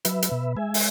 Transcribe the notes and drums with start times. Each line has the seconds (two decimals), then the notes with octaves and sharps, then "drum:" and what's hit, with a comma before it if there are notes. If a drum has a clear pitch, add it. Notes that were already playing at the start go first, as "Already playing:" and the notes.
0.05 F#3 B4 E5, drum: hi-hat
0.22 drum: hi-hat
0.32 B2
0.56 G#3 E5 G#5
0.74 drum: open hi-hat